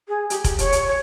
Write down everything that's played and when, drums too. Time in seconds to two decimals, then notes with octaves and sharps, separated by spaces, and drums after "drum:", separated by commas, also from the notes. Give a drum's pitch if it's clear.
0.08 G#4
0.30 G4, drum: hi-hat
0.44 G4, drum: kick F1, hi-hat
0.58 C#5, drum: hi-hat
0.72 drum: hi-hat
0.88 C#5